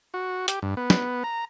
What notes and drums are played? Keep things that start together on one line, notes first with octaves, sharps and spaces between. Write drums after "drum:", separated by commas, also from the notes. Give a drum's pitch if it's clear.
F#4
G4, drum: hi-hat
G2
B3
drum: snare
A#5